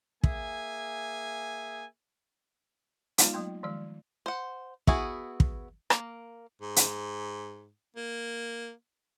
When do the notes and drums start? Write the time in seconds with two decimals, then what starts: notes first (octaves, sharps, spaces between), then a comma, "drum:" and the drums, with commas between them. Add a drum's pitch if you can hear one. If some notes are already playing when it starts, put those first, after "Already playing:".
0.24 A#3 G#4 E5 G#5, drum: kick
3.18 G#3 B3 D#4 F4 D5 F5, drum: hi-hat
3.33 F#3 A3 A#3 C6
3.63 D#3 F3 G#3 D5
4.26 C5 F#5
4.87 B3 E4 F#4 G#4, drum: kick
5.40 drum: kick
5.90 A#3, drum: rim click
6.62 G#2
6.76 drum: hi-hat
7.96 A#3